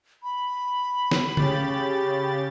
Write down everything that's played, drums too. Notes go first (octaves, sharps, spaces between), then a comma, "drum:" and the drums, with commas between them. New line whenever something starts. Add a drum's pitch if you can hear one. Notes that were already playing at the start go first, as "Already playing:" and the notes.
B5
drum: snare
C#3 G4 A6, drum: tom C#3